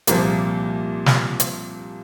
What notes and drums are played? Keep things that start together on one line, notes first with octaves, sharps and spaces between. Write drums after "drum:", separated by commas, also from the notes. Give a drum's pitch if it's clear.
C2 A#2 F3 A#3, drum: hi-hat
drum: snare
drum: hi-hat